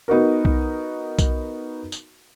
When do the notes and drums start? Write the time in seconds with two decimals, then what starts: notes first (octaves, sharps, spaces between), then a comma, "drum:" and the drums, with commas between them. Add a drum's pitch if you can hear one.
0.08 B3 D#4 F#4 A#4
0.45 drum: kick B1
1.19 drum: kick B1, tambourine
1.92 drum: tambourine